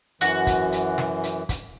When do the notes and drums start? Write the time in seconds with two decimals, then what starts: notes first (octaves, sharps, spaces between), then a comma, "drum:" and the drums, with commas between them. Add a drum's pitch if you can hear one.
0.21 F#2 E3 F#4, drum: hi-hat
0.47 drum: kick, hi-hat
0.72 drum: hi-hat
0.98 drum: snare
1.23 drum: hi-hat
1.49 drum: kick, hi-hat